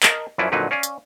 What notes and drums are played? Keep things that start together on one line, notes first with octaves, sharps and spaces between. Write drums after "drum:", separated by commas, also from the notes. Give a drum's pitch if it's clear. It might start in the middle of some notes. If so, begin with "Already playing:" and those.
A#4 D#5 A5, drum: clap
F#2 F3 C#4 E4 B4 D5
F2 A#2 D3 F#3 D#4 B4
C#4 D5 F5 G#5
drum: hi-hat